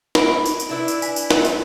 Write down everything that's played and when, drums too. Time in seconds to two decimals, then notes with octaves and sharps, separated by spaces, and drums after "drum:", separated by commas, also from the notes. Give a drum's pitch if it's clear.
0.15 B5 D7, drum: snare
0.46 drum: tambourine
0.60 drum: tambourine
0.69 D4 E4 B4
0.88 drum: tambourine
1.02 G#5 B6, drum: tambourine
1.16 drum: tambourine
1.31 drum: snare
1.45 drum: tambourine